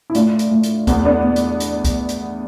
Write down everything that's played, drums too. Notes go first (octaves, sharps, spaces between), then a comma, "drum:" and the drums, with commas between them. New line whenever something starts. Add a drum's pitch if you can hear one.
E4
A2 D4 F4, drum: hi-hat
drum: hi-hat
A2
drum: hi-hat
E2 B3, drum: kick C#2, hi-hat
B3 D4
E2
drum: hi-hat
drum: hi-hat
drum: kick C#2, hi-hat
drum: hi-hat